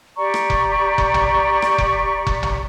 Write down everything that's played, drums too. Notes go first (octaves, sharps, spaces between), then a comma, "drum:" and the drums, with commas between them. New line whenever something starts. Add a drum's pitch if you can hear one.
G4 D5 A#5 C#6
drum: rim click
drum: kick F1
drum: kick F1
drum: tom A#1
drum: rim click
drum: kick F1
drum: kick F1
drum: tom A#1